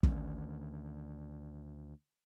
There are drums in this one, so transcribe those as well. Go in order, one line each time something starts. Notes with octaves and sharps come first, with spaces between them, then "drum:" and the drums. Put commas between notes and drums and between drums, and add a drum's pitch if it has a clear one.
D2 D#3 C4 C#4, drum: kick